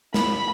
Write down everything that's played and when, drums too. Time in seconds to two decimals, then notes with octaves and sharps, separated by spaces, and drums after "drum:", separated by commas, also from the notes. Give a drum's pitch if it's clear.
0.14 B5, drum: snare